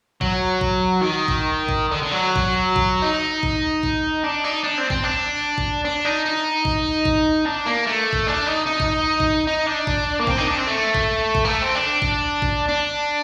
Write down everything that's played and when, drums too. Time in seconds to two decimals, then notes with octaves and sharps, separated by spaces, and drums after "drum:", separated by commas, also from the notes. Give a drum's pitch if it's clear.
0.21 F#3, drum: kick
0.61 drum: kick
1.01 D#3
1.28 drum: kick
1.69 drum: kick
1.91 D3
2.03 D3
2.12 F#3
2.36 drum: kick
2.76 drum: kick
3.02 D#4
3.43 drum: kick
3.83 drum: kick
4.24 D4
4.44 D#4
4.64 D4
4.78 C4
4.90 C4, drum: kick
5.04 D4
5.58 drum: kick
5.85 D4
6.05 D#4
6.25 D#4
6.65 drum: kick
7.05 drum: kick
7.45 D4
7.66 A#3
7.86 A3
8.13 drum: kick
8.27 D4
8.47 D#4
8.66 D#4
8.80 drum: kick
9.20 drum: kick
9.47 D#4
9.66 D4
9.87 drum: kick
10.19 A#3
10.27 C4, drum: kick
10.38 D#4
10.47 D4
10.57 C4
10.67 A3
10.95 drum: kick
11.35 drum: kick
11.45 A#3
11.49 A3
11.62 C4
11.75 D4
12.02 drum: kick
12.42 drum: kick
12.69 D4